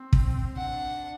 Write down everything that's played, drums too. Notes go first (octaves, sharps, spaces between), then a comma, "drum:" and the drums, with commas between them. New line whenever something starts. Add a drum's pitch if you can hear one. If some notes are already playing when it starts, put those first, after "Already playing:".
Already playing: C4
drum: kick
D4 F#5